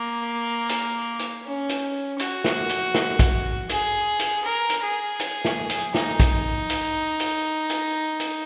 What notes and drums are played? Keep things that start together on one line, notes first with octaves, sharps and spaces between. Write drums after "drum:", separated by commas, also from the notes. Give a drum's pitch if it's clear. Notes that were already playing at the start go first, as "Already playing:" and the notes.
Already playing: A#3
drum: hi-hat
drum: hi-hat
C#4
drum: hi-hat
F#4, drum: hi-hat
drum: snare
drum: hi-hat
drum: snare
drum: kick, hi-hat
G#4, drum: hi-hat
drum: hi-hat
A#4
drum: hi-hat
G#4
drum: hi-hat
drum: snare
drum: hi-hat
D#4, drum: snare
drum: kick, hi-hat
drum: hi-hat
drum: hi-hat
drum: hi-hat
drum: hi-hat